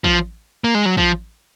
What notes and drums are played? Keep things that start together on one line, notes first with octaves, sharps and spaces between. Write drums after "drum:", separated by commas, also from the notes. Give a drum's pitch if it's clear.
F3, drum: kick
A#3
G#3
F#3
F3, drum: kick